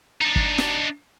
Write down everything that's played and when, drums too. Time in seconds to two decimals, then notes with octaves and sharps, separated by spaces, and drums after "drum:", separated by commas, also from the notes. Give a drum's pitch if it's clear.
0.21 D4 D#4
0.36 drum: kick
0.58 drum: snare